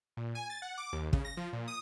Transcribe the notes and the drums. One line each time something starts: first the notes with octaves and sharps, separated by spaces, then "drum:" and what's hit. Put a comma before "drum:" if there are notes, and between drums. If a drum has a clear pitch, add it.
A#2
G#5
A6
F#5
D6
D#2
C#3, drum: kick
A#6
F3
A#2
D#6